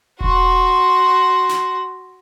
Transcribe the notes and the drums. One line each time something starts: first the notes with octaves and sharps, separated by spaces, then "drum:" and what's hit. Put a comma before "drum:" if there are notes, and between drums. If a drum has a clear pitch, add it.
F#4 C6, drum: kick E1
drum: snare